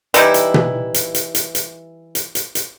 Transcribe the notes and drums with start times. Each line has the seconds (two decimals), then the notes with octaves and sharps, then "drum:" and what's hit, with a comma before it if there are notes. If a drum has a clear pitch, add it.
0.14 E3 G3 D#4 E4, drum: hi-hat
0.34 drum: hi-hat
0.54 drum: tom B2
0.94 drum: hi-hat
1.14 drum: hi-hat
1.35 drum: hi-hat
1.55 drum: hi-hat
2.15 drum: hi-hat
2.35 drum: hi-hat
2.55 drum: hi-hat